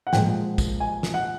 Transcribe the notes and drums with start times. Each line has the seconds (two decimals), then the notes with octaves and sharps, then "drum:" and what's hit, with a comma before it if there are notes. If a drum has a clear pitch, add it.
0.07 F#5
0.13 A#2 F3 G#3 G5, drum: snare
0.58 drum: kick, tambourine
0.80 G#5
1.03 drum: snare
1.14 F#5